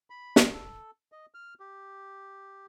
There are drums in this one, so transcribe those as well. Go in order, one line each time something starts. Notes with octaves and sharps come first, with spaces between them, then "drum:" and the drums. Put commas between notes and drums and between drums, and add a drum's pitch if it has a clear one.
B5
drum: snare
A4
D#5
F6
G4